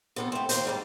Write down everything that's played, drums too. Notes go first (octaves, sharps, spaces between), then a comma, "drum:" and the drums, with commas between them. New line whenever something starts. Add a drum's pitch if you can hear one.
C3 B3 A4
A3 C4
D#2 C5, drum: hi-hat
G#2 G3 A4